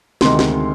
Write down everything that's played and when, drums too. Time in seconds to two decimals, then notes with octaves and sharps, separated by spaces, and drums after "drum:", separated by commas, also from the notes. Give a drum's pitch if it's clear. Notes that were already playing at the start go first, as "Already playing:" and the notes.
0.21 D2 C3 D#3 G#3 C6, drum: snare
0.39 drum: snare